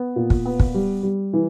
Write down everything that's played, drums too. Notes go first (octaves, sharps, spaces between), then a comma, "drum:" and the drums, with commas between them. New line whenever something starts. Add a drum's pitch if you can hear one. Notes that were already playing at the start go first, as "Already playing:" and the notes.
Already playing: B3
A#2
drum: kick
B3
drum: kick
G3
G3
E3